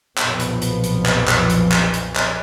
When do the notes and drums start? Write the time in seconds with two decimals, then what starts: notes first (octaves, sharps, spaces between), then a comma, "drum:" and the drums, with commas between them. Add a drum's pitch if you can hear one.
0.18 B1 F2 A#2 F3 B3, drum: clap
0.40 drum: hi-hat
0.62 drum: hi-hat
0.84 drum: hi-hat
1.06 drum: clap
1.28 drum: clap
1.50 drum: hi-hat
1.72 drum: clap
1.94 drum: hi-hat
2.16 drum: clap